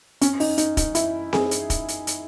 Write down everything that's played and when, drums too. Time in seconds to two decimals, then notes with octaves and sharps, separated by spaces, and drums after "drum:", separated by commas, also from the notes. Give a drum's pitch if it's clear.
0.21 C#4, drum: hi-hat
0.40 D#4, drum: open hi-hat
0.58 D#4, drum: hi-hat
0.77 D#4, drum: kick, hi-hat
0.95 E4, drum: hi-hat
1.33 G#4, drum: snare C4
1.51 drum: hi-hat
1.70 drum: kick, hi-hat
1.88 drum: hi-hat
2.07 drum: hi-hat